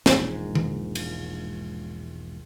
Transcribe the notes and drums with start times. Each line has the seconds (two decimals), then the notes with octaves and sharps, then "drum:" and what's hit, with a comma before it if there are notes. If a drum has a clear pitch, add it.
0.06 E1 A#1 G#2, drum: snare
0.55 drum: tom D3
0.95 drum: cymbal